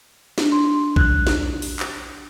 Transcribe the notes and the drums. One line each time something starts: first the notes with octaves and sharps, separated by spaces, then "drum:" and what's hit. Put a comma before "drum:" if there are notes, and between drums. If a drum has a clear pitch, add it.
D4, drum: snare
C6
F#6, drum: kick A#1
drum: snare
drum: open hi-hat
drum: clap